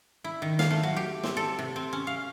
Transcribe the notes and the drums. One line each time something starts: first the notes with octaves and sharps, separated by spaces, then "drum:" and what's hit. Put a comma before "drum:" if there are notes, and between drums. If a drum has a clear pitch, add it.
E4
D#3
F5, drum: snare
A3
F#3
G4
C4, drum: snare
A4
C3
C4
C#4
F5